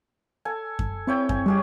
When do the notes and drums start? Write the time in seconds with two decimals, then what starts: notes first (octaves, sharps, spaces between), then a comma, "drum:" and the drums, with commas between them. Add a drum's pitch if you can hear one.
0.45 A4 G#5
0.79 drum: kick F#2
1.07 C4 E4 C#5 G5
1.29 G#5, drum: kick F#2
1.46 G3 G#3 C#4 G4